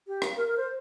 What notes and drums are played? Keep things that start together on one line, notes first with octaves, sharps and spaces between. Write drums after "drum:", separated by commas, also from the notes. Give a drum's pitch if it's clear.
G4
drum: rim click
A#4
A#4
C5